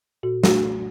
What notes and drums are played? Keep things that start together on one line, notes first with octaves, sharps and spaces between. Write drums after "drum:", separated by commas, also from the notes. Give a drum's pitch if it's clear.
A#2 F#4
A3 F#4, drum: snare